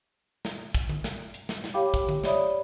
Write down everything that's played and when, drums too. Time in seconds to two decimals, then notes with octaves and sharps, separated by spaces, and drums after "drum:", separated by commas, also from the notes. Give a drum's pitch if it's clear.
0.45 drum: snare
0.75 drum: kick, hi-hat
0.89 drum: tom D3
1.04 drum: snare
1.34 drum: hi-hat
1.49 drum: snare
1.64 drum: snare
1.74 G4 C#5 F5 G5 B5 D6
1.94 drum: kick, hi-hat
2.09 drum: tom D3
2.24 C#5 D5 E5 B5 D#6, drum: snare